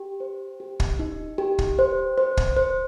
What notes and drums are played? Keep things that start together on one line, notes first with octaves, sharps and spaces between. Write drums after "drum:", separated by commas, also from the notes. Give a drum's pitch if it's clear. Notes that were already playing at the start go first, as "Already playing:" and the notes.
Already playing: G4
C5
G4
drum: kick
D#4
G4
drum: kick
C5
C5
drum: kick
C5